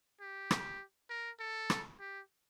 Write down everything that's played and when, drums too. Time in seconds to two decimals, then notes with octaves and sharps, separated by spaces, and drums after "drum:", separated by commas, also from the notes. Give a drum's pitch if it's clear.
0.21 G4
0.51 drum: rim click
1.10 A#4
1.40 A4
1.70 drum: rim click
2.00 G4